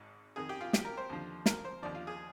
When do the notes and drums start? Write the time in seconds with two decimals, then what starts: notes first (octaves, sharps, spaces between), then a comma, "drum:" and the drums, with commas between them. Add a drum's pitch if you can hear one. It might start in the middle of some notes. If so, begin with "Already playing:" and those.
Already playing: G#1 G#2
0.36 F2 D#3 G#4
0.49 G4
0.61 F4
0.73 G4, drum: snare
0.85 A#4
0.97 C5
1.09 D#2 D3 F3
1.46 A#4, drum: snare
1.65 C5
1.82 D#2 D3 F3 D5
1.95 F4
2.07 G#4